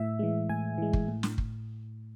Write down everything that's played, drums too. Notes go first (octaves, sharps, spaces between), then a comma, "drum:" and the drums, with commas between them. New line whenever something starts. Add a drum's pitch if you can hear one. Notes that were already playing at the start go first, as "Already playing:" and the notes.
Already playing: A2 E5
E3 G#3
A2 G#5
E3 G#3
drum: kick
A2
drum: snare
drum: kick